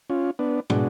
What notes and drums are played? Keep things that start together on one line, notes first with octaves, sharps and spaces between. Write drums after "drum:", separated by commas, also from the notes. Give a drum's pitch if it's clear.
C#4 F4
B3 D4
B2 G#3 D4 F#4, drum: tom